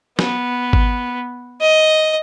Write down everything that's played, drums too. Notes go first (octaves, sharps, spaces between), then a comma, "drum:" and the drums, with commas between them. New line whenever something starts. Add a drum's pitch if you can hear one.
B3, drum: snare
drum: kick G#1
D#5